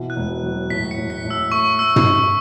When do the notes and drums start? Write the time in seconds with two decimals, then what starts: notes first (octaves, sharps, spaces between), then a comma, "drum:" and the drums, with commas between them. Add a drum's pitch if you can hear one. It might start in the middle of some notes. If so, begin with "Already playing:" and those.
Already playing: B2 E3
0.10 F#6
0.16 E1
0.43 F#3
0.70 A2 B6
0.91 C#7
0.97 A2
1.10 B6
1.24 A2
1.30 E6
1.51 A3 C#6
1.79 A3 E6
1.96 drum: tom